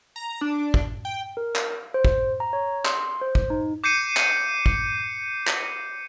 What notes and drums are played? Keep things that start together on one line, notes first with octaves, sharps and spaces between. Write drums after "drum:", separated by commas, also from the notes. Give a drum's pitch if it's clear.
A#5
D4
drum: kick
G5
A#4
drum: clap
C5
drum: kick
A#5
C#5
C6, drum: clap
C5
drum: kick
D#4
D6 G6 C7 C#7 D#7
drum: clap
drum: kick
drum: clap